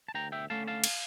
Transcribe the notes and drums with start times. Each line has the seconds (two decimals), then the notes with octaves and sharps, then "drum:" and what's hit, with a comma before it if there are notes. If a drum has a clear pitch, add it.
0.08 A5
0.14 D2 G5 A#5
0.32 E5 G5
0.50 D3 A3 C#4 F5 A5
0.68 F5 A5
0.84 drum: cymbal